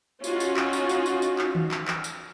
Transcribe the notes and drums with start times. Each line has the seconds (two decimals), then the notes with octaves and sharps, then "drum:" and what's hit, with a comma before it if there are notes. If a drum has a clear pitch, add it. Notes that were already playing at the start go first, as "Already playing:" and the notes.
0.24 C#4 D#4 F4 F#4, drum: tambourine
0.40 drum: tambourine
0.57 drum: clap
0.73 drum: tambourine
0.89 drum: tambourine
1.06 drum: tambourine
1.22 drum: tambourine
1.39 drum: clap
1.55 drum: tom D#3
1.71 drum: clap
1.88 drum: clap
2.04 drum: tambourine